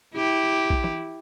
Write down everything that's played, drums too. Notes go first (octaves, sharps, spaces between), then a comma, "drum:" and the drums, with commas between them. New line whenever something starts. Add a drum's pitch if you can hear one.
E4 G4
drum: kick A#1
drum: tom E3